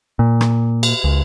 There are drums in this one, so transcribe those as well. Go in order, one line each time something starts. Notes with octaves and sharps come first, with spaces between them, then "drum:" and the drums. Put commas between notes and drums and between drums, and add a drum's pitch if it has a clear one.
A#2
drum: rim click
drum: cymbal
C#2